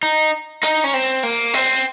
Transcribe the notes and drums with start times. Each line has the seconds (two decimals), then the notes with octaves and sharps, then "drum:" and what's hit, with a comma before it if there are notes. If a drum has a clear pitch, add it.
0.03 D#4
0.63 D#4, drum: hi-hat
0.84 C#4
0.94 C4
1.23 A#3
1.54 C4, drum: open hi-hat